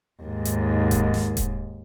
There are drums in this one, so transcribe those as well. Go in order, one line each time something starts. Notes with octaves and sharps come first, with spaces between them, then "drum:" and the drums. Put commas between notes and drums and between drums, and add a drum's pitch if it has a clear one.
D#2 G#2
drum: hi-hat
drum: kick D#1, hi-hat
drum: snare
drum: kick D#1, hi-hat